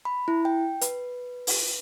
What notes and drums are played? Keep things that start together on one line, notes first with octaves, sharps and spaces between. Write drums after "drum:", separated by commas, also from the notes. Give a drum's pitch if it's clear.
B5
E4
G5
B4, drum: hi-hat
drum: open hi-hat